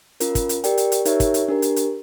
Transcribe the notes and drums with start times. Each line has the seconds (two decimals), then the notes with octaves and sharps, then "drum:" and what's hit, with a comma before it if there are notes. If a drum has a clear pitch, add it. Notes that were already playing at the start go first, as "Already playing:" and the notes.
0.20 C#4 F4 A#4, drum: hi-hat
0.35 drum: kick, hi-hat
0.49 drum: hi-hat
0.64 G4 A#4 D5 G5, drum: hi-hat
0.77 drum: hi-hat
0.92 drum: hi-hat
1.05 D#4 G4 A#4 C#5 E5, drum: hi-hat
1.20 drum: kick, hi-hat
1.34 drum: hi-hat
1.48 D4 G4 A#4
1.62 drum: hi-hat
1.76 drum: hi-hat